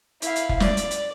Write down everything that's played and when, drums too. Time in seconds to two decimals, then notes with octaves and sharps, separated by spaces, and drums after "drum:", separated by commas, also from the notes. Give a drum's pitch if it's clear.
0.22 E4 F5, drum: hi-hat
0.36 drum: hi-hat
0.49 drum: kick F1
0.60 D5, drum: snare
0.77 drum: hi-hat
0.91 drum: hi-hat